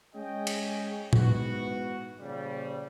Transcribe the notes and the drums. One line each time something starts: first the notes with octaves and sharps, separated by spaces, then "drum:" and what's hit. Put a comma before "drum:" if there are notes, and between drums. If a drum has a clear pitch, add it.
G#3 C#4 G#4 D#5 G5
drum: cymbal
G#2 E3 B3 F#4, drum: tom A#2
A#2 C#3 F3 G3